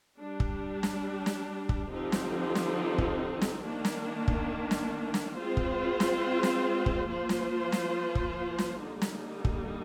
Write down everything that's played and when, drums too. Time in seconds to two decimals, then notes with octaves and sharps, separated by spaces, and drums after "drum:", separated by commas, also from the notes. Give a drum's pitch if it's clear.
0.19 G3 D4 G4
0.40 drum: kick
0.83 drum: snare
1.26 drum: snare
1.69 drum: kick
1.91 D3 F3 C4 D#4 G4
2.12 drum: snare
2.55 drum: snare
2.98 drum: kick
3.41 drum: snare
3.63 D#3 A#3 D4
3.85 drum: snare
4.28 drum: kick
4.71 drum: snare
5.14 drum: snare
5.35 G#3 C4 F4 C5
5.57 drum: kick
6.00 drum: snare
6.43 drum: snare
6.86 drum: kick
7.07 F3 A#3 F4 C5
7.29 drum: snare
7.72 drum: snare
8.15 drum: kick
8.58 drum: snare
8.80 D3 G3 A#3 D#4
9.02 drum: snare
9.45 drum: kick